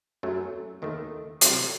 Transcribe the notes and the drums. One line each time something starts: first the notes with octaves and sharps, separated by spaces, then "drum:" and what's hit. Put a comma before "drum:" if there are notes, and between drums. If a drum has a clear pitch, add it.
F#2 F#3 A3
D#2 D#3 A3
C3 F#3 A3 C4 E4, drum: hi-hat